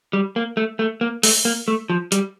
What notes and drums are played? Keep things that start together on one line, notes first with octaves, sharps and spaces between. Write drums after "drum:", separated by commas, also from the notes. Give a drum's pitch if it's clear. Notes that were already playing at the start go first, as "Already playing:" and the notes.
G3
A#3
A3
A3
A#3
A3, drum: open hi-hat
A#3
A3
F3
G3, drum: hi-hat